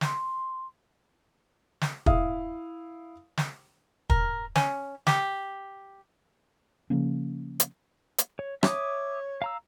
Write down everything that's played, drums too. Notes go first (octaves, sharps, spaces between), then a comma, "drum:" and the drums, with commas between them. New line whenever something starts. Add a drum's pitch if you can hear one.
C6, drum: snare
drum: snare
E4 F5 D#6, drum: kick
drum: snare
A#4, drum: kick
C#4, drum: snare
G4, drum: snare
C#3 F3 A#3 C#4
drum: hi-hat
drum: hi-hat
C#5
C#5 E5 D6 D#6, drum: rim click
F5 A#5 E6